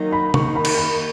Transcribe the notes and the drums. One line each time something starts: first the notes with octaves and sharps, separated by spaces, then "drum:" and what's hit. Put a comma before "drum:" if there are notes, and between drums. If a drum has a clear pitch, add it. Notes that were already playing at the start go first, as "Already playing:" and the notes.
Already playing: D#3 F#3 A#3 D#4
B5
D#2 D#3 A#3 D#4 C#6, drum: tom
B5
drum: cymbal
B5